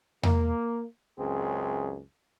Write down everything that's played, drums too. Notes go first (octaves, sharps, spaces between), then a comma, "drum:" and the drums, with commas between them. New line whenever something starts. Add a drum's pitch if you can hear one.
A#3, drum: tom E2
C#2 F#2 C4 G#4